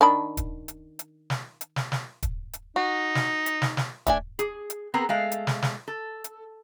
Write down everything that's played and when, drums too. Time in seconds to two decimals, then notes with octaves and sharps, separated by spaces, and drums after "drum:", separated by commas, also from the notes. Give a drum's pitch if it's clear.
0.01 D#3 D4 B5
0.37 drum: kick, hi-hat
0.68 drum: hi-hat
0.99 drum: hi-hat
1.30 drum: snare
1.61 drum: hi-hat
1.76 drum: snare
1.92 drum: snare
2.23 drum: kick, hi-hat
2.53 drum: hi-hat
2.76 D#4 F#4
3.15 drum: snare
3.46 drum: hi-hat
3.62 drum: snare
3.77 drum: snare
4.07 A3 D4 G#5, drum: kick, hi-hat
4.39 G#4, drum: hi-hat
4.70 drum: hi-hat
4.94 B3 C4 G#4 A#4 A#5
5.09 G#3 A3 F5
5.32 drum: hi-hat
5.47 drum: snare
5.62 drum: snare
5.88 A4
6.24 drum: hi-hat